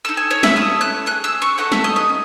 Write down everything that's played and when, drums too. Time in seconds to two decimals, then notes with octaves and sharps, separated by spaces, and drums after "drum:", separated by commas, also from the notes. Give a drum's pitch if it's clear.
0.05 D#4 A4 E6
0.17 G#5
0.31 C#5
0.43 E5, drum: snare
0.56 C#4 E4 A4 D#6
0.81 F#6
1.06 C#4 G#4 F#6
1.24 E6
1.42 C#6
1.58 A3 D#4 A4 F#5
1.72 E5, drum: snare
1.84 D#5
1.96 D#5
2.09 C#4